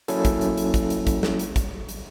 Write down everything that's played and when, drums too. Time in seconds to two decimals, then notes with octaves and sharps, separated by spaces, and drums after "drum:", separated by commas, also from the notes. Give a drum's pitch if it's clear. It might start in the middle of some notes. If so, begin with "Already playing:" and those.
0.08 F#3 A#3 C#4 E4 A4, drum: hi-hat
0.25 drum: kick, hi-hat
0.41 drum: hi-hat
0.57 drum: hi-hat
0.74 drum: kick, hi-hat
0.90 drum: hi-hat
1.07 drum: kick, hi-hat
1.23 drum: snare
1.39 drum: hi-hat
1.56 drum: kick, hi-hat
1.89 drum: hi-hat